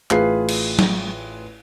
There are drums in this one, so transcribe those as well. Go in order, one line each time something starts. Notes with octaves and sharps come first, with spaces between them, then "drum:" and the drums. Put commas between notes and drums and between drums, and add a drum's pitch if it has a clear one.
A1 F4 G#4 B4 F5 C7, drum: clap
drum: cymbal
drum: tom